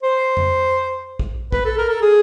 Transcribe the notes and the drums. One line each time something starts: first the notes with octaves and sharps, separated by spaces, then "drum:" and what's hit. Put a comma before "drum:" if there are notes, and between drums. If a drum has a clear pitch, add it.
C5
drum: tom F2
drum: kick
B4, drum: kick
A4
A#4
A4
G#4